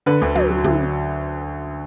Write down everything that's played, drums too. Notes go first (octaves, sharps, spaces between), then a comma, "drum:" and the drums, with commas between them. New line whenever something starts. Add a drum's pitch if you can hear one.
D3 B4
D2
F#3, drum: tom
F#3
D2, drum: tom